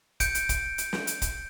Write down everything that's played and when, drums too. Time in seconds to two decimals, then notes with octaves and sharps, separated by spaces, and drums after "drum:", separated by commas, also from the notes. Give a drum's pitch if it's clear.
0.20 G6 C#7 D7, drum: kick, hi-hat
0.35 drum: hi-hat
0.49 drum: kick, hi-hat
0.78 drum: hi-hat
0.93 drum: snare
1.07 drum: hi-hat
1.22 drum: kick, hi-hat